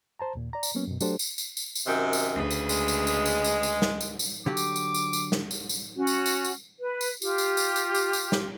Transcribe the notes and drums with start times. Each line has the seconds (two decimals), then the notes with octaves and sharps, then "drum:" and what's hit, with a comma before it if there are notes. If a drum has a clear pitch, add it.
0.19 C5 A5 A#5
0.35 D#2 A#2
0.53 D5 A#5
0.63 drum: tambourine
0.75 F#3 A#3 B3 C#4
0.88 F#2 B2
1.00 F#3 A3 D4 G4 A4 C5, drum: tambourine
1.19 drum: tambourine
1.38 drum: tambourine
1.57 drum: tambourine
1.75 drum: tambourine
1.87 F#2 C3 D#3
2.13 drum: tambourine
2.35 D2 C#3 B4
2.51 drum: tambourine
2.69 G#3, drum: tambourine
2.88 drum: tambourine
3.07 drum: tambourine
3.26 drum: tambourine
3.44 drum: tambourine
3.63 drum: tambourine
3.82 drum: snare
4.01 drum: tambourine
4.19 drum: tambourine
4.46 D3 F#3 G4 D6
4.57 drum: tambourine
4.76 drum: tambourine
4.94 drum: tambourine
5.13 drum: tambourine
5.32 drum: snare
5.51 drum: tambourine
5.69 drum: tambourine
5.96 C#4 F#4
6.07 drum: tambourine
6.26 drum: tambourine
6.44 drum: tambourine
6.79 B4
7.01 drum: tambourine
7.22 F4 G4, drum: tambourine
7.38 drum: tambourine
7.57 drum: tambourine
7.76 drum: tambourine
7.95 drum: tambourine
8.13 drum: tambourine
8.32 drum: snare